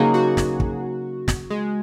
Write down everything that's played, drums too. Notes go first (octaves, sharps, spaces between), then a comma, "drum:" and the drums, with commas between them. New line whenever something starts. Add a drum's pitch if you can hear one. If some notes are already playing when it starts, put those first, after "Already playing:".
Already playing: C#3 F#3 A#3 D#4 G#4
F#4
drum: snare
drum: kick
drum: snare
G#3